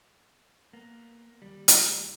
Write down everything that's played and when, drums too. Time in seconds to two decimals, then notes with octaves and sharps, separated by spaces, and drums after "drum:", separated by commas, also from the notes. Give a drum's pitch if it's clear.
0.73 A#3 B3
1.42 D#2 G3
1.68 drum: hi-hat